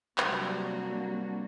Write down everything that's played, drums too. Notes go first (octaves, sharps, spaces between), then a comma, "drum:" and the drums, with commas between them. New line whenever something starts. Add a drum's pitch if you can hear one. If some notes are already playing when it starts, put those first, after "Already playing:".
C3 F#3 G3 A#3 D4 F#4, drum: clap